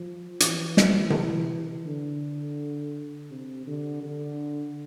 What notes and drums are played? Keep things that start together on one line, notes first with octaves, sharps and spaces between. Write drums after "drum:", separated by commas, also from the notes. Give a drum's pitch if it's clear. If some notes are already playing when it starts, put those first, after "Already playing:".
Already playing: F3
E3, drum: hi-hat
drum: snare
drum: tom C3
D3
C3
D3
D3